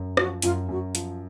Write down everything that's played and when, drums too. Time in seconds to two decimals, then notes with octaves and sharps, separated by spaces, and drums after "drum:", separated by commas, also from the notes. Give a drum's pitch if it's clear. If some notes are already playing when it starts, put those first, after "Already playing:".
Already playing: F#2
0.17 F3 F#4, drum: rim click
0.42 F#2 F4, drum: hi-hat
0.68 F#2 F#4
0.95 F3, drum: hi-hat